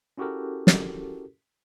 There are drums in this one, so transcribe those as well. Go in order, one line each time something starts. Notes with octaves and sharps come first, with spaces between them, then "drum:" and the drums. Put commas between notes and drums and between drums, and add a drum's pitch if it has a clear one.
C#4 E4 F#4 G4 A4 A#4
drum: snare